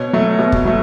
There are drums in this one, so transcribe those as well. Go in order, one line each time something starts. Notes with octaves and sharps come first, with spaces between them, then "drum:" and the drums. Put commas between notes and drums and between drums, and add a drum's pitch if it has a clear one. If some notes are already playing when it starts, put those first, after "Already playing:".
Already playing: B2 C#5
F#3 A3
B2
drum: kick
F#3 A3